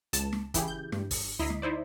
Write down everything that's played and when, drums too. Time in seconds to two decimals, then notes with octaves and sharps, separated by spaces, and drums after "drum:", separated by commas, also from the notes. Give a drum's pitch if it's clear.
0.13 C#2 A5 E7, drum: hi-hat
0.33 drum: snare
0.54 C#3 E3 E4 G4 G#4, drum: kick, hi-hat
0.68 G6
0.92 G2, drum: snare
1.11 drum: kick, open hi-hat
1.39 D2 E4 D#5 A#5 B6 C7
1.50 drum: snare
1.62 D#4 E4 C5 D5